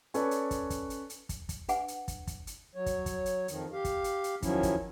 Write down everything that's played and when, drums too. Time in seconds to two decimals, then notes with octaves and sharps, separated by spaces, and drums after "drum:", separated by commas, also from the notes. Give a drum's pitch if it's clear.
0.14 C#4 A4 B4 C#5 D5, drum: hi-hat
0.31 drum: hi-hat
0.51 drum: kick, hi-hat
0.70 drum: kick, hi-hat
0.90 drum: hi-hat
1.10 drum: hi-hat
1.29 drum: kick, hi-hat
1.49 drum: kick, hi-hat
1.69 D4 B4 F#5 G#5, drum: hi-hat
1.88 drum: hi-hat
2.08 drum: kick, hi-hat
2.27 drum: kick, hi-hat
2.47 drum: hi-hat
2.75 F#3 C#5
2.86 drum: kick, hi-hat
3.06 drum: kick, hi-hat
3.26 drum: hi-hat
3.48 F2 D#3, drum: hi-hat
3.73 G4 F5
3.85 drum: kick, hi-hat
4.04 drum: hi-hat
4.24 drum: hi-hat
4.42 D#3 F3 F#3 C#4 E4, drum: kick, hi-hat
4.63 drum: kick, hi-hat